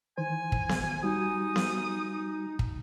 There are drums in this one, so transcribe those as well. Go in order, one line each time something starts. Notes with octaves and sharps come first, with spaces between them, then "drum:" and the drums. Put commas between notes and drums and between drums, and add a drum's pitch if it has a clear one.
D#3 E3 C5 G#5
drum: kick
drum: snare B3
G3 D#4 F#4 G#5 D#6
drum: snare B3
drum: kick